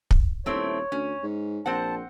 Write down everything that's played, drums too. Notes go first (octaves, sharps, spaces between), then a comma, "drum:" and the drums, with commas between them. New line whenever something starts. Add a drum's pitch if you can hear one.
drum: kick
D#1 A3 C4 E4 C#5
D2 C#4
G#2
A#1 C4 C5 F#5 A5